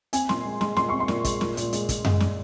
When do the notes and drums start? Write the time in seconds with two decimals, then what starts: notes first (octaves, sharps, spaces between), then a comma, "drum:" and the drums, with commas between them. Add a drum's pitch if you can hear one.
0.13 C4 G#5, drum: hi-hat
0.29 A#2 C6, drum: snare
0.45 G#3
0.61 G#3 C6, drum: snare
0.76 A#2 C6, drum: snare
0.89 C4 C#6
1.00 C6
1.08 A#2, drum: snare
1.24 G#3, drum: kick, hi-hat
1.41 A#2, drum: snare
1.57 A#2, drum: hi-hat
1.73 G#3, drum: hi-hat
1.89 G#3, drum: kick, hi-hat
2.05 G#3, drum: tom F#2
2.20 drum: snare